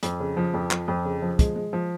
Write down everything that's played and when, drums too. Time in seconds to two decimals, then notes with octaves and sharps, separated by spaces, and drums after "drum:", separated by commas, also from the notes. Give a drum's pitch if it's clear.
0.03 F2, drum: hi-hat
0.20 C#3
0.37 F3
0.54 F2
0.71 F3, drum: clap
0.88 F2
1.05 C#3
1.22 F3
1.39 G#3, drum: kick, hi-hat
1.56 G#3
1.73 F3